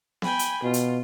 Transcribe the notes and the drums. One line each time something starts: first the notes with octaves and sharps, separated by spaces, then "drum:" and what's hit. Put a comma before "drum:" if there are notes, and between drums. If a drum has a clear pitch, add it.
G5 G#5 B5, drum: snare B3
drum: hi-hat
B2 F4
drum: hi-hat